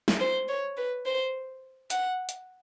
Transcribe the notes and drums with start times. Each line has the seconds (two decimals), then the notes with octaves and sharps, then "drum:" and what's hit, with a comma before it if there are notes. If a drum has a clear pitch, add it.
0.08 drum: snare
0.20 C5
0.48 C#5
0.77 B4
1.06 C5
1.90 F#5, drum: hi-hat
2.29 drum: hi-hat